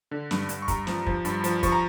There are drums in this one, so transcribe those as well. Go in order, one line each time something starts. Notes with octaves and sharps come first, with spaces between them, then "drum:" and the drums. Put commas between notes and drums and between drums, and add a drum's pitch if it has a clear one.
D3
G2, drum: snare
G2, drum: hi-hat
C#6
G2 A#5, drum: kick, hi-hat
F3, drum: snare
F3, drum: kick
G2, drum: hi-hat
F3, drum: hi-hat
F3 C#6, drum: kick, hi-hat
A#5